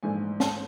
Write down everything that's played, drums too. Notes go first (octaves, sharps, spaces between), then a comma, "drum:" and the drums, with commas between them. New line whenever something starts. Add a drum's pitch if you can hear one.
A#1 G#2 E3 A3 G#5
A5, drum: snare